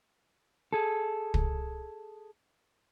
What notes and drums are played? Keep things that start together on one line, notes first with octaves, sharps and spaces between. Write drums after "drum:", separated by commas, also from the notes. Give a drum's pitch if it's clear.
G#4 A4
drum: kick